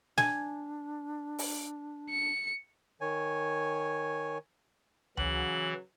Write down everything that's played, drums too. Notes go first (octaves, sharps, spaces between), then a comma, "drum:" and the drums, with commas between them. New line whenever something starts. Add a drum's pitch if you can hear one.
D4 G#5, drum: snare
drum: open hi-hat
C#7
D#3 C#5 G#5
C#3 E3 F#3 F#7, drum: tom C#2